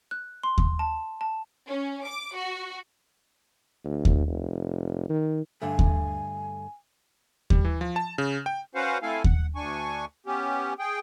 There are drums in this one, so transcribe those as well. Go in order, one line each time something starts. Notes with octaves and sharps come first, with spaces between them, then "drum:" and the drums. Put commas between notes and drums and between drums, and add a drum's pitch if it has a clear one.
F#6
C6
drum: kick D#2
A5
A5
C#4
D6
F#4
D2
drum: kick D#2
F1
D#3
G2 D3 A3 G#5
drum: kick D#2
G3, drum: kick D#2
E3
F3
A5
C#3
G5
C#4 F#4 B4 C5 F5 F#5
A3 C4 E4 A4 F5 G#5
F#5, drum: kick D#2
D2 D4 G#5 C#6
B3 C#4 G4
G#4 G5